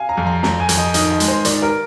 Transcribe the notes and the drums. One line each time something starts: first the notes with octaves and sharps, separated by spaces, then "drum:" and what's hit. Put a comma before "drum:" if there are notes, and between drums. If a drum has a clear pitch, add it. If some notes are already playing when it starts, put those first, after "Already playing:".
Already playing: F5 G#5
A#5
F2
A#5
F2 A#5, drum: snare
G#5
F2, drum: hi-hat
D#5
D#3 D#5, drum: hi-hat
D#5
G#3, drum: hi-hat
C5
D#3 D5, drum: hi-hat
A#4